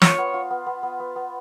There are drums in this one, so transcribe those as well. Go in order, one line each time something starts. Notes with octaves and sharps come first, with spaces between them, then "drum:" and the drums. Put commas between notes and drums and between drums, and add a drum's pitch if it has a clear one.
F4 C#5, drum: snare
B3
F4
B3
B3
B3
B3
B3